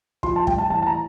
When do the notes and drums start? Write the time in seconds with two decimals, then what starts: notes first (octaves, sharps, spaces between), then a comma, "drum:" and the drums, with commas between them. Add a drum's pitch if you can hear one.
0.23 F3 C6, drum: kick
0.36 A5
0.47 G2 G5, drum: kick
0.58 A5
0.70 A1 A5
0.82 A5
0.87 A#5